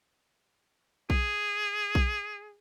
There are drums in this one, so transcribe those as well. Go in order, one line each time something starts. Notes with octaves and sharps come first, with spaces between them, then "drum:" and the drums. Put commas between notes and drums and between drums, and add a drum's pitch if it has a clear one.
G#4, drum: kick B1
drum: kick B1